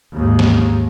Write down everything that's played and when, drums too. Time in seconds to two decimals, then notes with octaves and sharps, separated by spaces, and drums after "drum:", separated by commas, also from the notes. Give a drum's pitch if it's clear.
0.13 D#2 G#2
0.39 drum: snare